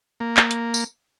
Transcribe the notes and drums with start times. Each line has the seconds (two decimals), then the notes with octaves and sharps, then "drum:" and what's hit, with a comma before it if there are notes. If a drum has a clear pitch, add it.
0.20 A#3
0.37 drum: clap
0.51 drum: hi-hat
0.74 drum: tambourine